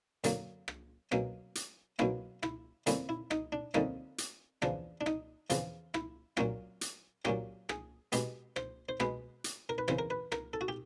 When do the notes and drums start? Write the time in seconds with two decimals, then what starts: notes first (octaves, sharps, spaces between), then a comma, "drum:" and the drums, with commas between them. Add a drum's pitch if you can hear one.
0.24 F#2 D3 F#3 A#3, drum: hi-hat
0.68 drum: rim click
1.12 B2 F#3 A#3 C#4, drum: rim click
1.55 drum: hi-hat
1.99 B2 F#3 A#3 C#4 E4, drum: rim click
2.43 E4, drum: rim click
2.86 F2 D3 G3 A#3 C#4 E4, drum: hi-hat
3.09 E4
3.31 D#4, drum: rim click
3.52 D4
3.74 F2 D3 G3 A#3 C#4 D#4, drum: rim click
4.18 drum: hi-hat
4.62 E2 C#3 F3 D4, drum: rim click
5.01 D4
5.06 D#4, drum: rim click
5.50 E2 C#3 F3 F4, drum: hi-hat
5.94 E4, drum: rim click
6.37 A#2 F#3 A#3 C#4 F4, drum: rim click
6.81 drum: hi-hat
7.25 A#2 F#3 A#3 C#4 G4, drum: rim click
7.69 G#4, drum: rim click
8.12 B2 G#3 B3 G4, drum: hi-hat
8.56 C5, drum: rim click
8.89 C5
9.00 B2 G#3 B3 B4, drum: rim click
9.44 drum: hi-hat
9.69 A#4
9.78 B4
9.88 E2 C#3 E3 C5, drum: rim click
9.99 A#4
10.10 B4
10.32 A#4, drum: rim click
10.53 A4
10.61 F#4
10.68 G4